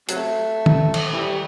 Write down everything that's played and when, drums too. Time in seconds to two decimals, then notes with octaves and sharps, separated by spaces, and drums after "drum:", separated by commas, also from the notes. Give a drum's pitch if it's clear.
0.09 C3 F#3 A3, drum: hi-hat
0.66 drum: tom
0.94 drum: cymbal
1.13 E3 G3